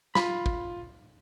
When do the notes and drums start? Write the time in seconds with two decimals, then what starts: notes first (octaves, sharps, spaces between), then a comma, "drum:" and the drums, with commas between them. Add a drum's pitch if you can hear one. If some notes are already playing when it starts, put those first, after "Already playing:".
0.15 F4 B5, drum: snare
0.46 drum: kick